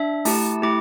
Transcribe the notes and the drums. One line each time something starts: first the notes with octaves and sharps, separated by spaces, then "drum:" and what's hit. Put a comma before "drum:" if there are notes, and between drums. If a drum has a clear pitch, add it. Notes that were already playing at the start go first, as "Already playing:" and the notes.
Already playing: D4 E5
A3 E4 G4 A5, drum: open hi-hat
A3 E4 G4 D6